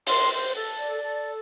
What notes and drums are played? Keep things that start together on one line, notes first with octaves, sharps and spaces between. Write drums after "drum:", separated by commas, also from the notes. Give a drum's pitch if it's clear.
C6, drum: open hi-hat
C5
A4
D5
A4